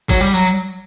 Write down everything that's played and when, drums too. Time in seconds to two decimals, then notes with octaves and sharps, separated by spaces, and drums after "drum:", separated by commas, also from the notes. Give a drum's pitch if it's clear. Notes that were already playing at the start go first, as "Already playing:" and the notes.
0.09 F#3, drum: kick G1
0.21 G3
0.34 F#3